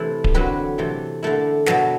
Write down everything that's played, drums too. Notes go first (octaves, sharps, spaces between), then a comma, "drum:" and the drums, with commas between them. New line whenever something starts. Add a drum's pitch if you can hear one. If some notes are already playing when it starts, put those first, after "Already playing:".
Already playing: C3 E3 A3 C4 E4
drum: kick D1
D3 F#3 C4 B4
C3 E3 A3
D3 A3 E4
B2 F#3 B3 A4, drum: snare